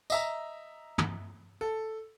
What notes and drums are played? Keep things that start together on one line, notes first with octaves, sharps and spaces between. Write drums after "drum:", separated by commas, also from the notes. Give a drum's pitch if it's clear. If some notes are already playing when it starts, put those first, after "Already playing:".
D#5 E5 A#5, drum: tambourine
drum: tom
A4